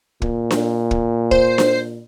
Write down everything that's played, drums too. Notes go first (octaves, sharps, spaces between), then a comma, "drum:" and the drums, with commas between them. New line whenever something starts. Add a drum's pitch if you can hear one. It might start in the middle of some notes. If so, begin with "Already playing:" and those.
A#2, drum: kick
drum: snare D4
drum: kick
C5, drum: kick
drum: snare D4